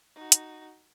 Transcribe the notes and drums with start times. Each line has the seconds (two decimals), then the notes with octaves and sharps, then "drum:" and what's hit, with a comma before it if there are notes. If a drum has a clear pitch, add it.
0.16 D#4 F#4
0.32 drum: hi-hat